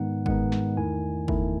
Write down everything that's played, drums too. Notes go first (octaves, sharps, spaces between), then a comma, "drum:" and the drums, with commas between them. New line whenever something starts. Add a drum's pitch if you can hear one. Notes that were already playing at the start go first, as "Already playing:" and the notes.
Already playing: G#2 D#3 G#3 B3 D#4 F#5
G#2 D#3 G#3 B3 D#4 F#5, drum: kick
drum: snare
E2 D#3 A3 E4 G#5
E2 D#3 A3 E4, drum: kick